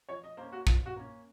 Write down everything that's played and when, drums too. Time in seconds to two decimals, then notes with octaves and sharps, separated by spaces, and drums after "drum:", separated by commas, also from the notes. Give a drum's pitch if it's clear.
0.09 F3 C#5
0.24 D#5
0.37 A#3 C#4 C5
0.52 F#4
0.67 F3 F4, drum: kick
0.86 F#4
0.96 A#3 C#4